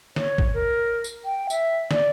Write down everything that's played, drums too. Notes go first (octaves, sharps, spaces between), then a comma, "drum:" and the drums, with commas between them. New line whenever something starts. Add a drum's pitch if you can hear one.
C#5, drum: snare
drum: kick G#1
A#4
drum: tambourine
G5
E5, drum: tambourine
D5, drum: snare